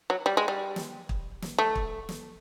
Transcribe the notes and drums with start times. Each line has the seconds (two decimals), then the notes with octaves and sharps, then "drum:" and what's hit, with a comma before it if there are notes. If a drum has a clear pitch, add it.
0.10 F#3
0.26 G3
0.37 G#3
0.48 G3
0.76 drum: snare
1.09 drum: kick
1.42 drum: snare
1.58 A3
1.75 drum: kick
2.09 drum: snare